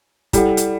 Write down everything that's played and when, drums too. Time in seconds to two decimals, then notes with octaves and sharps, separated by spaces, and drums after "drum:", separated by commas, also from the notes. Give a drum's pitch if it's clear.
0.33 G3 E4 A4 D5 F#5, drum: kick, hi-hat
0.57 drum: hi-hat